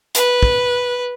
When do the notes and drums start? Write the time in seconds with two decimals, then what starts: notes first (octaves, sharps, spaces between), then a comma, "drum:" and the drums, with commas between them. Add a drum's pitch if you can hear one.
0.15 B4, drum: hi-hat
0.43 drum: kick